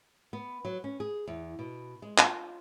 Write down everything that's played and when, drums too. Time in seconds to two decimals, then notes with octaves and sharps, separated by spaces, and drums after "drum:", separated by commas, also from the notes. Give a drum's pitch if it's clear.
0.33 B3
0.65 F#3
0.84 C#4
1.00 G#4
1.27 E2
1.59 B2
2.02 G#3
2.18 F4, drum: clap